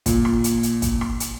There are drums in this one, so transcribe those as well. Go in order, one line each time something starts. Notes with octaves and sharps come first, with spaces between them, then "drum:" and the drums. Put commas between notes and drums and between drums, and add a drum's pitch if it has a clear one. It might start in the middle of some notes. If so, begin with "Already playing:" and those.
A#2, drum: kick, hi-hat
drum: rim click
drum: hi-hat
drum: hi-hat
drum: kick, hi-hat
drum: rim click
drum: hi-hat